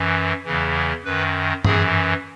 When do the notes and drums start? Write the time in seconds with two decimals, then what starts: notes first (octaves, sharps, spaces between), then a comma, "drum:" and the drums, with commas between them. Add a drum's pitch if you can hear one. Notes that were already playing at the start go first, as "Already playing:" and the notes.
Already playing: F#2 E3
0.45 E2 C#3 E3
1.05 F#2 D#3 B4
1.65 F#2 E3 G#4, drum: tom G2